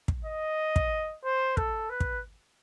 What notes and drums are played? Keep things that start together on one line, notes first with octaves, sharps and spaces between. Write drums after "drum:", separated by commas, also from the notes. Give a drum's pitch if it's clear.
drum: kick
D#5
drum: kick
C5
A4, drum: kick
B4
drum: kick